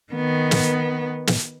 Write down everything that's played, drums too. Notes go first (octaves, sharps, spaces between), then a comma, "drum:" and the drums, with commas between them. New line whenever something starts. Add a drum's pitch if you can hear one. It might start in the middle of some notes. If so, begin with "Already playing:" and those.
D#3 B3
drum: snare
drum: snare